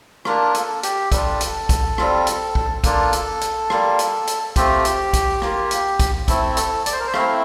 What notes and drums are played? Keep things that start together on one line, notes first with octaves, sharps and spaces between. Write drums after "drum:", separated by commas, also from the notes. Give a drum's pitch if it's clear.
A#3 D4 F4 A#4, drum: rim click
A4, drum: hi-hat
G4, drum: hi-hat
G3 D4 F4 A4, drum: kick, hi-hat
drum: hi-hat
drum: kick, hi-hat
G3 C4 F4, drum: rim click
drum: hi-hat
drum: kick
A#3 D4 F4 A4, drum: kick, hi-hat
drum: hi-hat
drum: hi-hat
G3 A#3 F4, drum: rim click
drum: hi-hat
drum: hi-hat
A3 C4 F4 G4, drum: kick, hi-hat
drum: hi-hat
drum: kick, hi-hat
A#3 F4, drum: rim click
drum: hi-hat
drum: kick, hi-hat
A3 C4 E4 A4, drum: kick, hi-hat
A4, drum: hi-hat
D5, drum: hi-hat
C5
A#4
C5
A3 C4 E4 F5, drum: rim click